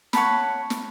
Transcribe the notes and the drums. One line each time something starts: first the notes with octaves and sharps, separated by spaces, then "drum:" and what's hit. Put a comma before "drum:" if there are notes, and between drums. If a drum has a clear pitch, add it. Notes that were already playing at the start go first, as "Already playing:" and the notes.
C#5 F#5 A5 B5, drum: snare
drum: snare